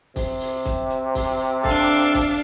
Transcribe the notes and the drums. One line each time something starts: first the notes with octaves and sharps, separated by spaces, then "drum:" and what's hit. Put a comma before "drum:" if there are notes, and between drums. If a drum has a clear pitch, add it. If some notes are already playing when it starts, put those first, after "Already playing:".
C3, drum: kick, open hi-hat
drum: open hi-hat
drum: kick, hi-hat
drum: hi-hat
drum: kick, open hi-hat
D4 A4 F5, drum: kick, hi-hat
drum: hi-hat
drum: kick, open hi-hat